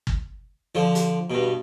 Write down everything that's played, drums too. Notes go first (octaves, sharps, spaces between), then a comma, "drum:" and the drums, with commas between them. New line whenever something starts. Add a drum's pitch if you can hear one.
drum: kick
D3 F3
drum: hi-hat
G2 B2